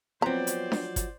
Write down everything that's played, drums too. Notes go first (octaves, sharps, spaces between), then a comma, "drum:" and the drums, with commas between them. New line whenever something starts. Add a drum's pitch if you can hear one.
F3 F#3 B3 C4 C5 D5 A#5
drum: hi-hat
drum: snare D4
drum: kick, hi-hat